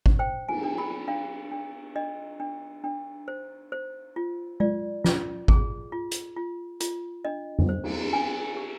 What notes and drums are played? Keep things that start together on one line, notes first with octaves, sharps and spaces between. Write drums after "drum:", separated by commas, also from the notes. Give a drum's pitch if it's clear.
drum: kick G#1
C5 G5
G#5, drum: cymbal
D4
B5
D4 F5
D4
D4 D#5
D4
D4
C5
C5
F4
F4 D5, drum: tom G#3
F4, drum: snare
G#4, drum: kick G#1
F4
drum: hi-hat
F4
F4, drum: hi-hat
D4 D#5
drum: tom F2
C5
drum: cymbal
D4 G#5
G4